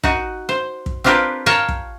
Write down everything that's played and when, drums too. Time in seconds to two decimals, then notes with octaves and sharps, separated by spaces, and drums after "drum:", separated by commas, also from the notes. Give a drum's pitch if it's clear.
0.04 D#4 F#4, drum: kick
0.49 C5
0.86 drum: kick
1.04 C4 D4 F4 G4 A#4 B4
1.46 A#4 C#5 F5 G5 A5 A#5
1.69 drum: kick